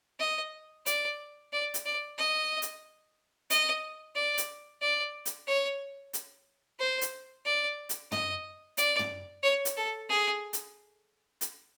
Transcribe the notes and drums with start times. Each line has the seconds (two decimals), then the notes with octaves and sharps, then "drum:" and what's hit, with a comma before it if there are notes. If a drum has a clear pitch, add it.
0.19 D#5
0.86 D5, drum: hi-hat
1.53 D5
1.74 drum: hi-hat
1.85 D5
2.18 D#5
2.62 drum: hi-hat
3.50 D#5, drum: hi-hat
4.15 D5
4.38 drum: hi-hat
4.81 D5
5.26 drum: hi-hat
5.47 C#5
6.13 drum: hi-hat
6.79 C5
7.01 drum: hi-hat
7.45 D5
7.89 drum: hi-hat
8.12 D#5, drum: tom
8.77 D5, drum: hi-hat
8.99 drum: tom
9.43 C#5
9.65 drum: hi-hat
9.77 A4
10.09 G#4
10.53 drum: hi-hat
11.41 drum: hi-hat